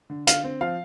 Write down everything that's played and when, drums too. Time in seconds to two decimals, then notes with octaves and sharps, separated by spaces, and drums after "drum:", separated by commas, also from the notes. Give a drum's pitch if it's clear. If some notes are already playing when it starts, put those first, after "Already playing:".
0.10 D3
0.27 D3 F5, drum: hi-hat
0.44 C4
0.61 F3 F5